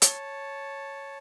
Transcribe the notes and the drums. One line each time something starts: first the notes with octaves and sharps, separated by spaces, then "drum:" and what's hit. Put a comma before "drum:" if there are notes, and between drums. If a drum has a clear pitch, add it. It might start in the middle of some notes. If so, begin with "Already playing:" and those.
C#5 A5, drum: hi-hat